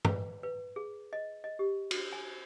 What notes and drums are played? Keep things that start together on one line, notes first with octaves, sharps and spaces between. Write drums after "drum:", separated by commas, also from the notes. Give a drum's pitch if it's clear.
B4, drum: tom
B4
G#4
D#5
D#5
G4
F#4, drum: cymbal
G#5